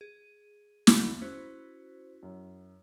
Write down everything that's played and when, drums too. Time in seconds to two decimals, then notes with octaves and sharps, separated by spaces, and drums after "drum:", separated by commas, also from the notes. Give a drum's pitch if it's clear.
0.01 G#4
0.87 D3 A3 B5, drum: snare
1.22 C#4 E4 F#4 C5
2.23 F#2